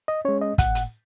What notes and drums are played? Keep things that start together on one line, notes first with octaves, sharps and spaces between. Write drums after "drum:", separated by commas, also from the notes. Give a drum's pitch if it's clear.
D#5
G#3 C#4 C#5
D#5
A2 F#5, drum: kick, hi-hat
drum: hi-hat